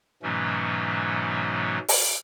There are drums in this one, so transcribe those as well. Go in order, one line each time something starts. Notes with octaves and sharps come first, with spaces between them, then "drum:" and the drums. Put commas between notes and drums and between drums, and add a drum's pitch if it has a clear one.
G#2 B2 E3 F#3 A3 C#4
drum: open hi-hat